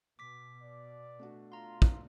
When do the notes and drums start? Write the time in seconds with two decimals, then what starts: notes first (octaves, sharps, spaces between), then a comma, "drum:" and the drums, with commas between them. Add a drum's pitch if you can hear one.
0.19 B2 D6 B6
0.62 D5
1.19 A3 D4 F#4
1.52 F4 A#5 C6
1.82 drum: kick